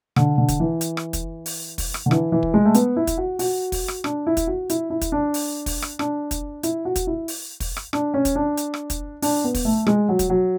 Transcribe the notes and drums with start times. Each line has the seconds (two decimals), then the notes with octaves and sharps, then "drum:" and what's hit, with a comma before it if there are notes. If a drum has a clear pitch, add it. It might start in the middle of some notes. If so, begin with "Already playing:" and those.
0.16 D3, drum: rim click
0.38 D3
0.49 drum: kick, hi-hat
0.60 E3
0.81 drum: hi-hat
0.97 drum: rim click
1.13 drum: kick, hi-hat
1.46 drum: open hi-hat
1.78 drum: kick, open hi-hat
1.94 drum: rim click
2.06 D3
2.11 E3, drum: rim click
2.32 E3
2.43 drum: kick
2.54 G#3
2.65 A3
2.75 B3, drum: hi-hat
2.96 E4
3.07 drum: kick, hi-hat
3.18 F#4
3.39 F#4, drum: open hi-hat
3.72 drum: kick, open hi-hat
3.88 drum: rim click
4.04 D4, drum: rim click
4.27 E4
4.37 drum: kick, hi-hat
4.47 F#4
4.70 E4, drum: hi-hat
4.90 E4
5.02 drum: kick, hi-hat
5.12 D4
5.34 drum: open hi-hat
5.66 drum: kick, open hi-hat
5.82 drum: rim click
5.99 D4, drum: rim click
6.31 drum: kick, hi-hat
6.63 E4, drum: hi-hat
6.85 F#4
6.96 drum: kick, hi-hat
7.07 E4
7.28 drum: open hi-hat
7.60 drum: kick, open hi-hat
7.77 drum: rim click
7.93 D4, drum: rim click
8.14 C#4
8.25 drum: kick, hi-hat
8.35 D4
8.57 drum: hi-hat
8.74 drum: rim click
8.90 drum: kick, hi-hat
9.22 D4, drum: open hi-hat
9.44 B3
9.54 drum: kick, open hi-hat
9.65 A3
9.87 G#3, drum: rim click
10.09 F#3
10.19 drum: kick, hi-hat
10.30 F#3